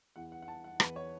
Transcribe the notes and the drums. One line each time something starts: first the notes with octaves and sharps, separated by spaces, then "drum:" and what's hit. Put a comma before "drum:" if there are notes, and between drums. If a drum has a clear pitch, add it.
E2 E3 F#5
F#5
F#5
A5
F#5
E2 E3 B4, drum: rim click
C#5